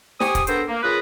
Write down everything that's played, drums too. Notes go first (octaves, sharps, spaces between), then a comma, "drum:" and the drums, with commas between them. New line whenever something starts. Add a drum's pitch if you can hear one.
G4 C5 G#5 C#6 D#6, drum: snare
drum: kick, hi-hat
B3 D4 A4 A#4 C5 G5, drum: hi-hat
A#3
C#3 F4 G#4 A#4 B4